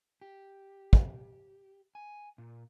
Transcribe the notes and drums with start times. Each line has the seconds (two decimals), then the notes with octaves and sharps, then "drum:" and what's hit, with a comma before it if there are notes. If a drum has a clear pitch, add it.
0.21 G4
0.93 drum: kick
1.95 G#5
2.38 A#2